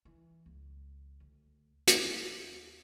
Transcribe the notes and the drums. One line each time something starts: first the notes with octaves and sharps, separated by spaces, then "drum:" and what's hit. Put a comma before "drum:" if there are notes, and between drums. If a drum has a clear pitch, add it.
E3
C#2
D2
A#3, drum: hi-hat
D#2